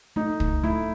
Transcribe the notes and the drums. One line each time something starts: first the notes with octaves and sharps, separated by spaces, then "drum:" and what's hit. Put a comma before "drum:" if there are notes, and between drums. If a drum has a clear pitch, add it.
A3 D#4
drum: kick
A3 E4